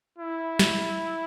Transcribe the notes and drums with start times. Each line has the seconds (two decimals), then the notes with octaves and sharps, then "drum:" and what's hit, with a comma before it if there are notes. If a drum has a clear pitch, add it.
0.19 E4
0.59 drum: snare